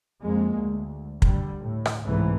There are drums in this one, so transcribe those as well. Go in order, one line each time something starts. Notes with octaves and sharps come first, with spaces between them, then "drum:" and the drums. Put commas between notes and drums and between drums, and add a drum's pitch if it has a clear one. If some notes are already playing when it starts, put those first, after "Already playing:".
F2 G#3 A#3
D2
D3 G3, drum: kick
A2
drum: rim click
G1 C2 G#2 E3 A3